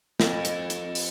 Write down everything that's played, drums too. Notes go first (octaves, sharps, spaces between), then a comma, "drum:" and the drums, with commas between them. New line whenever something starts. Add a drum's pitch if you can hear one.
F2, drum: snare
drum: hi-hat
drum: hi-hat
drum: open hi-hat